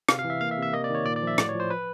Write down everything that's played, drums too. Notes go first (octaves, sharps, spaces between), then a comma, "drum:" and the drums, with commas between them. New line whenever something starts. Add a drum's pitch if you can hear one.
C3 F5, drum: rim click
F5
E3
E5
A#3 F5
E5
C3
E5
A#3 D#5
D5
D#3 C#5
A#2 D5
D5
F3
E5
A2 D5, drum: rim click
C#5
F3 C5
B4